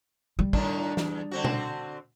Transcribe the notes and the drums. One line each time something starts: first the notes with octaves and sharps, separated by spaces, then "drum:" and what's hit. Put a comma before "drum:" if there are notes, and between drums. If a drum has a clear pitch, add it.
G3
A2 D#3 D4, drum: kick
E2, drum: snare
D3 C4 F#4
drum: tom B2